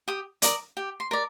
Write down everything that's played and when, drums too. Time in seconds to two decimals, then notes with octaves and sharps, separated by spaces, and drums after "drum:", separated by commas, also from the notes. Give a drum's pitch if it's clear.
0.08 G4 D#6
0.42 A#4 D5 D#6, drum: hi-hat
0.77 G4
1.00 C6
1.11 A#4 D5